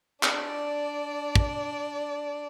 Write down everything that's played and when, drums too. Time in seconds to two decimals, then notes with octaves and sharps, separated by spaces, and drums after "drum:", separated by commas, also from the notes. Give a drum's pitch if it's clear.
0.23 D4 D5, drum: clap
1.36 drum: kick